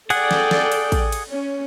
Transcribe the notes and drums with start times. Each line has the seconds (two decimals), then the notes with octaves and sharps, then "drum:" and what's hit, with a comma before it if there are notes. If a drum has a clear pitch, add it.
0.10 G#4 A4 D5 F#5 G5, drum: cymbal
0.31 drum: snare
0.51 drum: snare
0.72 drum: cymbal
0.92 drum: kick, cymbal
1.12 drum: cymbal
1.29 C#4